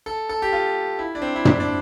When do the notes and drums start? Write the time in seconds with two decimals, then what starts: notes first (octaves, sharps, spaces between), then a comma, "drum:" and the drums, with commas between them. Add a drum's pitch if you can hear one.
0.06 A4
0.29 A4
0.42 G4
0.52 F4
0.99 E4
1.15 D4
1.22 C4
1.36 E4
1.45 D4, drum: tom
1.60 D4